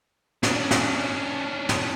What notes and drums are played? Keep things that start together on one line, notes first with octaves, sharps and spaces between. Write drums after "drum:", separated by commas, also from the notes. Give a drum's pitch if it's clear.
C#4 D4, drum: snare
drum: snare
drum: snare